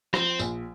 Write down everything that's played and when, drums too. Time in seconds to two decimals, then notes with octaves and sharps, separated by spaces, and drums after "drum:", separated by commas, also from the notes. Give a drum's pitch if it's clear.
0.14 F3 C4, drum: rim click
0.39 A#1, drum: tambourine